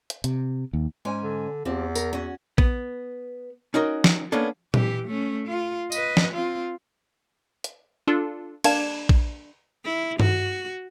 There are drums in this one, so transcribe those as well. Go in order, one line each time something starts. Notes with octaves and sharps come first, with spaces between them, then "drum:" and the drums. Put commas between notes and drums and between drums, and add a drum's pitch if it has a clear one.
drum: hi-hat
C3, drum: hi-hat
D#2
G#2 C#4 G#5
D3
E2 F3 C4 G4
A#4, drum: tambourine
C#4 F#4
B3, drum: kick A#1
C#4 D#4 F#4 A#4
drum: snare
A#3 B3 C#4 D4 A4
E3 G4, drum: tom A#2
A3 C#4
F4
B4 D#5, drum: tambourine
drum: snare
C4 F4
drum: hi-hat
D4 F4 A4
A#3 D4 F5 A5 G#6 E7, drum: cymbal
drum: kick A#1
E4
F#4, drum: tom G2